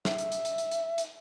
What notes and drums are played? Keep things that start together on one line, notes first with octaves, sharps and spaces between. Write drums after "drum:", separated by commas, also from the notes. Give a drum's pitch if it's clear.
E5, drum: snare
drum: hi-hat
drum: hi-hat
drum: hi-hat
drum: hi-hat
drum: hi-hat
drum: hi-hat